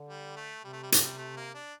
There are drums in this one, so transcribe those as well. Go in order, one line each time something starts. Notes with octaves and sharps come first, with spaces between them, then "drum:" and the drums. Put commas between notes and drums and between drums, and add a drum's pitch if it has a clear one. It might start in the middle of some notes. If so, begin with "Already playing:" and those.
Already playing: D3
G3
A3
C3 G3
A3
G3
A3, drum: hi-hat
G3
A3
A#3
D4